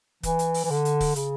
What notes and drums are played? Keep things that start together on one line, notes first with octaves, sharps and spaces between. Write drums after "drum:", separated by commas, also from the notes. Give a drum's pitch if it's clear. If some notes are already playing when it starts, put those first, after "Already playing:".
E3, drum: kick, hi-hat
drum: hi-hat
drum: open hi-hat
E3
D3
drum: hi-hat
drum: kick, open hi-hat
C#3, drum: hi-hat